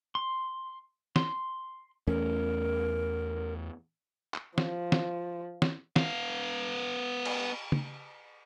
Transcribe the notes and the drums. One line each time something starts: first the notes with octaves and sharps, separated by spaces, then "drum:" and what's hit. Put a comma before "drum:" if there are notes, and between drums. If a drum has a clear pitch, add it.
C6
C6, drum: snare
E2 A3 C#4 A#4
drum: clap
F3, drum: snare
drum: snare
drum: snare
B3 F5, drum: snare
drum: cymbal
drum: tom